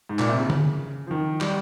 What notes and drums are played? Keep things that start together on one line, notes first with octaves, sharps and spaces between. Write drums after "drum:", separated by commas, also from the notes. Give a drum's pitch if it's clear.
G#2
A#2, drum: clap
C3
C#3
drum: tom
F3
D#3
G3, drum: clap